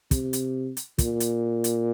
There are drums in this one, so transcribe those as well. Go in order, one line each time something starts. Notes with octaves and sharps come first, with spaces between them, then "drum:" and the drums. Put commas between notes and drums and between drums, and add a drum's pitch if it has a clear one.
C3, drum: kick, hi-hat
drum: hi-hat
drum: hi-hat
A#2, drum: kick, hi-hat
drum: hi-hat
drum: hi-hat